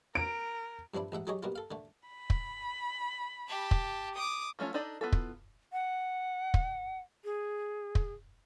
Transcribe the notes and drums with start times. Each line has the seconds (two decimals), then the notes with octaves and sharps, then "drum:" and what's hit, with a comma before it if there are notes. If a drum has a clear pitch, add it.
0.15 A#4 D7
0.94 G2 F3 C4 D4 E4
1.12 A1 G#2 E5 F#5
1.27 F#3 D#4 G4 G#4 C#5 D#5
1.43 B2 G3 A#3 F4
1.56 A4 F5
1.71 D3 A3
2.09 B5
2.30 drum: kick
3.48 G4 A5
3.71 drum: kick
4.15 D6 D#6
4.59 F3 A3 C#4 E4 F4
4.74 D4 D#4 A4 D5 D#5
5.01 B3 E4 F4 A4
5.12 drum: kick
5.73 F#5
6.54 drum: kick
7.24 G#4
7.95 drum: kick